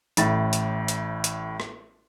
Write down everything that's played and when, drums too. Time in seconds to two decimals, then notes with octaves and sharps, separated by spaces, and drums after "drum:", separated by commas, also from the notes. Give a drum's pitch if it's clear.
0.17 A1 A2 A6, drum: hi-hat
0.53 drum: hi-hat
0.88 drum: hi-hat
1.24 drum: hi-hat
1.60 drum: rim click